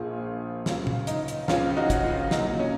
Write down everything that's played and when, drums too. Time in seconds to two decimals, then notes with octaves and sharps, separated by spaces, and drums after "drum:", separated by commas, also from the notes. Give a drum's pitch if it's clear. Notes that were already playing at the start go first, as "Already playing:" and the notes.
Already playing: A#1 A#2 F3 F4 G#4
0.66 C#2 C#3 F#3 C#4 F4, drum: snare
0.87 drum: tom
1.07 D#4, drum: hi-hat
1.28 drum: hi-hat
1.48 C#2 C#3 F3 C#4 F4, drum: snare
1.76 D#4 F#4
1.90 drum: kick, hi-hat
2.04 C#4 F4
2.31 C2 A#2 F#3 D#4, drum: snare
2.59 C#4